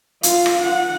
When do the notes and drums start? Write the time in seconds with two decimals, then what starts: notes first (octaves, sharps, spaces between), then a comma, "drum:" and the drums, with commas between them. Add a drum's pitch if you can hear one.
0.23 F4 F5, drum: hi-hat
0.46 drum: rim click
0.62 F#5